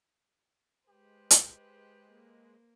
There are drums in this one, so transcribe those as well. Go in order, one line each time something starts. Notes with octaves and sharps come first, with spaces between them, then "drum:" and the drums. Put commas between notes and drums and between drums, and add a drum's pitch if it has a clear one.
G#3 G4 B4 C5
drum: hi-hat
A#3